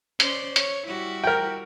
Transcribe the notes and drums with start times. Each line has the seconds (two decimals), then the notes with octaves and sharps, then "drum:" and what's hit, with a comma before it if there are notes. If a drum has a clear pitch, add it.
0.20 C#4 C5 D5, drum: hi-hat
0.56 C#5, drum: hi-hat
0.87 G3 E4 F#4
1.24 A#4 G5